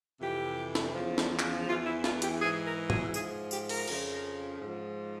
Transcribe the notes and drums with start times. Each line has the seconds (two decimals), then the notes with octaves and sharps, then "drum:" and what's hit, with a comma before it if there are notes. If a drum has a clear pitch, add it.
0.20 F2 C3 E3 G4
0.75 drum: snare
0.93 E2 C#3 F3
1.18 drum: snare
1.39 drum: clap
1.67 E2 E3 F4
1.85 E4
2.04 F4, drum: snare
2.22 G4, drum: hi-hat
2.40 G#2 E3 G#4
2.66 A#4
2.90 G#4, drum: tom
3.14 G#2 F3 G#4, drum: tambourine
3.51 G4, drum: tambourine
3.69 A#4, drum: open hi-hat
3.88 F2 C#3 F3, drum: cymbal
4.61 G#2
4.66 F3